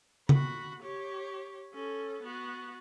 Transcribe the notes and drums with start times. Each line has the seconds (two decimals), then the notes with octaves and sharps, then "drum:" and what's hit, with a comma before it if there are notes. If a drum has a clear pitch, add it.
0.29 F#4 B5, drum: tom C#3
0.83 G4 C#5
1.74 C#4 A4
2.23 B3 F#4